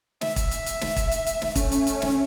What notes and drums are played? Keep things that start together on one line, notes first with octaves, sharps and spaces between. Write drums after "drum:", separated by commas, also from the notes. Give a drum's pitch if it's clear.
E5, drum: snare
drum: kick, hi-hat
drum: hi-hat
drum: hi-hat
drum: snare
drum: kick, hi-hat
drum: hi-hat
drum: hi-hat
drum: snare
A3 C#4, drum: kick, hi-hat
drum: hi-hat
drum: hi-hat
drum: snare